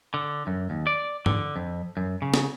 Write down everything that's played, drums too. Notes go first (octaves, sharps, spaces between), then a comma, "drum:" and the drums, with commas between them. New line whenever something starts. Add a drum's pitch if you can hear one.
D3
F#2
D#2
D5
D3, drum: tom G2
F2
F#2
C#3
drum: snare